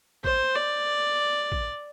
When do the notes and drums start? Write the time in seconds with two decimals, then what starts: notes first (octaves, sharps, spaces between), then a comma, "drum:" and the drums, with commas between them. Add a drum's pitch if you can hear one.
0.24 C5, drum: kick
0.55 D5
1.52 drum: kick